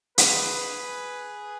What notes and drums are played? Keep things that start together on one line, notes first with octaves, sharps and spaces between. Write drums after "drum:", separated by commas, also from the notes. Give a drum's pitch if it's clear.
G#4 B4, drum: hi-hat